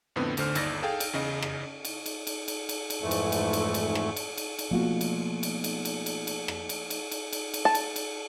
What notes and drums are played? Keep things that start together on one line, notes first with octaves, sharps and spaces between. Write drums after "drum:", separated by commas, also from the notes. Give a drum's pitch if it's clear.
F2 A2 D3 B3 C4
D2 D3 C5 F6, drum: cymbal
G1 D#2 D5 E6 A6 A#6, drum: cymbal
G#4 A4 F5 G5
drum: cymbal
E2 C#3 D#5
drum: rim click
drum: cymbal
drum: cymbal
drum: cymbal
drum: cymbal
drum: cymbal
drum: cymbal
F2 G#2 E3 A3
drum: cymbal
drum: cymbal
drum: cymbal
drum: cymbal
drum: rim click
drum: cymbal
drum: cymbal
drum: cymbal
B2 F3 A3 A#3 F4 F#4
drum: cymbal
drum: cymbal
drum: cymbal
drum: cymbal
drum: cymbal
drum: cymbal
drum: rim click
drum: cymbal
drum: cymbal
drum: cymbal
drum: cymbal
drum: cymbal
A5
drum: cymbal
drum: cymbal